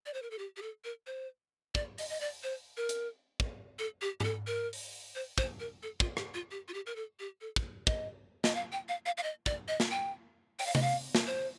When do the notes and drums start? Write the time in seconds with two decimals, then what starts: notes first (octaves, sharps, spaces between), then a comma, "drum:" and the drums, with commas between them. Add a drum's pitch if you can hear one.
0.06 D5
0.14 C5
0.22 A#4
0.31 A4
0.38 G4
0.57 G4
0.62 A4
0.84 A#4
1.07 C5
1.75 D5, drum: kick
1.98 D#5, drum: open hi-hat
2.10 D#5
2.21 D5
2.43 C5
2.77 A#4
2.89 drum: hi-hat
3.40 drum: kick
3.79 A4
4.01 G4
4.20 G4, drum: tom G#2
4.24 A4
4.47 A#4
4.73 drum: open hi-hat
5.15 C5
5.38 C5, drum: kick
5.60 A#4
5.83 A4
6.00 F4, drum: kick
6.17 G4, drum: rim click
6.34 F4
6.51 G4
6.68 F4
6.74 G4
6.86 A#4
6.96 A4
7.19 G4
7.41 A4
7.56 drum: kick
7.87 D#5, drum: kick
8.44 D#5, drum: snare
8.55 F5
8.72 G5
8.88 F5
9.06 F5
9.18 F5
9.23 D#5
9.46 D5, drum: kick
9.68 D#5
9.80 drum: snare
9.91 G5
10.59 G5, drum: open hi-hat
10.66 F5
10.75 D#5, drum: tom C3
10.82 F5
11.15 drum: snare
11.27 C5